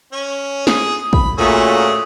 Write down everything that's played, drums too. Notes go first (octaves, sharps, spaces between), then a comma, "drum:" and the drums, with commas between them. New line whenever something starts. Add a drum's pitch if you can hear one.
C#4
G#4, drum: snare
B5, drum: kick
A#2 A3 C#4 F#4 G#4